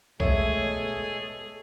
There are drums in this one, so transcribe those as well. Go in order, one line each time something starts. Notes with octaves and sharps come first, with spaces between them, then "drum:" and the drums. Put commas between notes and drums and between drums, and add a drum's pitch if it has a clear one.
B2 G#3 A3 G#4 A4 C#5 E5, drum: kick B1